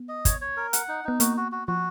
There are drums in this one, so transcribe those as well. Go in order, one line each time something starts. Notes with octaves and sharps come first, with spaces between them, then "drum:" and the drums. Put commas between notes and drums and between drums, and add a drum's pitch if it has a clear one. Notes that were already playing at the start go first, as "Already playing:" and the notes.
Already playing: B3
D#5
C#5, drum: kick, hi-hat
C#5
A#4
F#5, drum: hi-hat
D#4
B3 D#4
A#3 F#4, drum: hi-hat
F#4
F#4
F3 F#4